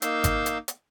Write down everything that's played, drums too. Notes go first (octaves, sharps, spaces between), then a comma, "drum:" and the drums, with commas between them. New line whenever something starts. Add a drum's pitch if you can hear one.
A#3 D#4 F5 E6 G6, drum: hi-hat
drum: kick G#1, hi-hat
drum: hi-hat
drum: hi-hat